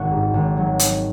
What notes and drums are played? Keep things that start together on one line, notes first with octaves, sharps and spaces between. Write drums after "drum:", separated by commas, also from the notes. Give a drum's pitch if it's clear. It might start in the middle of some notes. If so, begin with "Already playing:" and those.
Already playing: G#1 F#4
G#2
G#1
F#3
drum: hi-hat